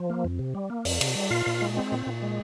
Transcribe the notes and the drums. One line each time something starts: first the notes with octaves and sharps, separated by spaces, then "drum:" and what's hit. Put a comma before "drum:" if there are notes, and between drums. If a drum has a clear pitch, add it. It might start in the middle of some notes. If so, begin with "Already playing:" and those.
Already playing: F3
A#3
F2
C3
G3
A#3
F2, drum: open hi-hat
C3, drum: cymbal
G3
A#2 F4 F5
A#2
G#3
C4
A#2
A#2
G#3